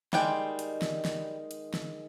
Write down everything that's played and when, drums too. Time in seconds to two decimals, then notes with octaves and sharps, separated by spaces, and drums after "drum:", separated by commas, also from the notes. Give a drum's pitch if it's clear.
0.13 D#3 G3 G#3 F#5 G5, drum: snare
0.59 drum: hi-hat
0.82 drum: snare
1.05 drum: snare
1.51 drum: hi-hat
1.74 drum: snare